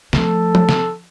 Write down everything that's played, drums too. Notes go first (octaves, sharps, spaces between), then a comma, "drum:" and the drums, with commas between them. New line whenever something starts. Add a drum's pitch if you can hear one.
F3 A3 A4, drum: snare
drum: tom F3
drum: snare